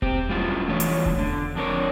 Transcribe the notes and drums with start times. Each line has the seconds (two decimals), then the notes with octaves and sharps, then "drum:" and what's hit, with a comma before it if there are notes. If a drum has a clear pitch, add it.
0.02 C4 G4, drum: kick E1
0.29 F#2 A2 G3 A3 F4 F#4
0.67 B2 D3 E3 A3 F4 C#5
0.80 drum: hi-hat
1.06 drum: kick E1
1.19 D3
1.55 F2 D4 A#4 C#5